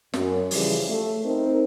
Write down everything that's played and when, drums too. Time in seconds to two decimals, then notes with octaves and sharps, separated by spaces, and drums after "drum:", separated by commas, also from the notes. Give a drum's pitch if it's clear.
0.14 F#2, drum: snare
0.51 C#3 E3 F3 G3, drum: open hi-hat
0.89 A3
1.24 C4 D#4 A#4